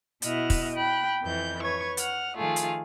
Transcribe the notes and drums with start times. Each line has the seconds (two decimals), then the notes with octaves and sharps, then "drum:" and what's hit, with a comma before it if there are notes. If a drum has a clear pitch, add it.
0.22 B2 E4 D#5 E5 F#5 F6, drum: hi-hat
0.50 drum: kick, open hi-hat
0.74 G5 B5 F#6
1.22 F2 E3 G6
1.60 B4 C#5 C#6 G#6
1.97 F#5 F6, drum: hi-hat
2.37 D#3 F3 A3 F4 G#4
2.56 drum: hi-hat